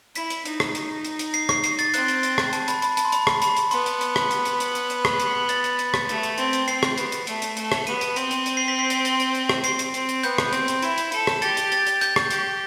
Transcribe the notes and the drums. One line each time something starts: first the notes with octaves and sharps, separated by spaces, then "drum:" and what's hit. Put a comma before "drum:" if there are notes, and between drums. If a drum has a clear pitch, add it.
E4 B6, drum: hi-hat
drum: hi-hat
D#4, drum: hi-hat
drum: rim click
drum: hi-hat
drum: hi-hat
drum: hi-hat
C7, drum: hi-hat
C7, drum: rim click
C7, drum: hi-hat
A6, drum: hi-hat
C4 F#6, drum: hi-hat
drum: hi-hat
drum: hi-hat
drum: rim click
A5, drum: hi-hat
B5, drum: hi-hat
B5, drum: hi-hat
A5, drum: hi-hat
C6
B5, drum: hi-hat
drum: rim click
B5, drum: hi-hat
drum: hi-hat
B3 C6, drum: hi-hat
drum: hi-hat
drum: hi-hat
drum: rim click
drum: hi-hat
drum: hi-hat
drum: hi-hat
drum: hi-hat
drum: hi-hat
drum: rim click
drum: hi-hat
A6, drum: hi-hat
drum: hi-hat
drum: hi-hat
drum: rim click
A3, drum: hi-hat
drum: hi-hat
C4, drum: hi-hat
drum: hi-hat
C4 C7, drum: hi-hat
drum: rim click
B3, drum: hi-hat
drum: hi-hat
A3, drum: hi-hat
drum: hi-hat
A3, drum: hi-hat
drum: rim click
B3 D#7, drum: hi-hat
drum: hi-hat
C4, drum: hi-hat
drum: hi-hat
D#7, drum: hi-hat
C7
B6
C7
drum: hi-hat
drum: hi-hat
drum: hi-hat
drum: hi-hat
drum: rim click
C4 C7, drum: hi-hat
drum: hi-hat
C4, drum: hi-hat
drum: hi-hat
B3 G6, drum: hi-hat
drum: rim click
C4, drum: hi-hat
drum: hi-hat
E4, drum: hi-hat
drum: hi-hat
A4, drum: hi-hat
drum: rim click
G4 A6, drum: hi-hat
drum: hi-hat
A6, drum: hi-hat
drum: hi-hat
G6, drum: hi-hat
drum: rim click
G4, drum: hi-hat